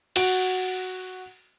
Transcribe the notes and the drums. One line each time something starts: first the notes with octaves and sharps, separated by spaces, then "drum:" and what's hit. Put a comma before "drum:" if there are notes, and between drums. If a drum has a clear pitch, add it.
F#4 D7, drum: cymbal